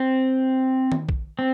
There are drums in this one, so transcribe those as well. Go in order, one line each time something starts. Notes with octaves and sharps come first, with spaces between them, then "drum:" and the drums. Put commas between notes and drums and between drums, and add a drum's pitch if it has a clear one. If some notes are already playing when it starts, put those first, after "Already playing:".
Already playing: C4
drum: tom D#3
drum: kick B1
C4